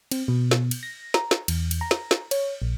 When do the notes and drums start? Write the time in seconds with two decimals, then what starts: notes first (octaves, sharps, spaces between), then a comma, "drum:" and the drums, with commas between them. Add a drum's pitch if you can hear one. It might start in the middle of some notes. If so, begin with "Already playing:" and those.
0.11 C4, drum: cymbal
0.28 B2
0.51 drum: snare
0.71 drum: cymbal
0.83 A#6
1.14 A#5, drum: snare
1.31 drum: snare
1.48 E2, drum: cymbal
1.71 drum: cymbal
1.81 A#5
1.91 drum: snare
2.11 drum: snare
2.31 C#5, drum: cymbal
2.62 A#1